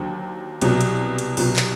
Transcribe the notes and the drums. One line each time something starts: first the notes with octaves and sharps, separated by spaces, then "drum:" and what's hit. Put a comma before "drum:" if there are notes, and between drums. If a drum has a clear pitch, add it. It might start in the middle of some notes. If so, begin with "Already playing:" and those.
Already playing: D#2 D3 F#3 C5
C2 B2 F#3, drum: hi-hat
drum: hi-hat
drum: hi-hat
C2 B2 F#3, drum: open hi-hat
drum: clap